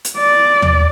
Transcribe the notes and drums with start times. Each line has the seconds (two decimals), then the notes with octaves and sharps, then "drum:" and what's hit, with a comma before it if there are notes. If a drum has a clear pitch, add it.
0.05 drum: hi-hat
0.18 D5
0.62 drum: tom D#2